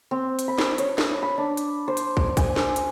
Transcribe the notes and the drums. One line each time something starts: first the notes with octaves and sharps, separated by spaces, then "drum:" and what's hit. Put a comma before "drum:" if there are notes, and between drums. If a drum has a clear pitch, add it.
C4
drum: hi-hat
B5
drum: snare
C#5, drum: hi-hat
drum: snare
B5
D4
drum: hi-hat
C5
drum: hi-hat
drum: kick
G#5, drum: kick, hi-hat
drum: snare
drum: hi-hat